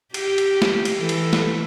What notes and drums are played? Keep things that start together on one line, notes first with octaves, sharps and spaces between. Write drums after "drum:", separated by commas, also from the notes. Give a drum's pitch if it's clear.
G4, drum: cymbal
drum: cymbal
drum: snare
drum: cymbal
E3 A4
drum: cymbal
drum: snare